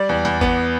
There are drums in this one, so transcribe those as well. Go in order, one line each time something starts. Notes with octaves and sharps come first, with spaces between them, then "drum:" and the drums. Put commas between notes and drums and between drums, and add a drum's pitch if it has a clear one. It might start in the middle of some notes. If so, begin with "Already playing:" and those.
Already playing: G3 D5
E2
E2, drum: hi-hat
B3, drum: kick G1